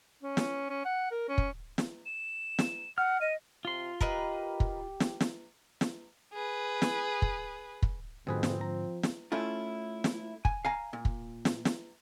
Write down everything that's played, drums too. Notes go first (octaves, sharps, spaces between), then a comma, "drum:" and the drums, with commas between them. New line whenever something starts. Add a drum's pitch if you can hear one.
C#4
drum: snare
C#4
F#5
A#4
C#4
drum: kick
drum: snare
E7
drum: snare
F#5 F6
D#5 D#7
C3 F4 C6
G4 A#4 B4 D#5, drum: kick
drum: kick
drum: snare
drum: snare
drum: snare
G#4 B4
drum: snare
drum: kick
drum: kick
F2 G#2 B2 D3 C4 G#4 B4
drum: snare
F3 A#5
drum: snare
A3 C#4 E4 F4
drum: snare
G#5, drum: kick
F5 G#5 A#5
A#2
drum: kick
drum: snare
drum: snare